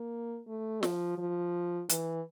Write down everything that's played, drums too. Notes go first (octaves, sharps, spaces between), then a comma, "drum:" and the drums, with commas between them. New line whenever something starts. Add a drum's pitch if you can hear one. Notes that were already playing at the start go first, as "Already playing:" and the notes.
Already playing: A#3
A3
F3, drum: snare
F3
E3, drum: hi-hat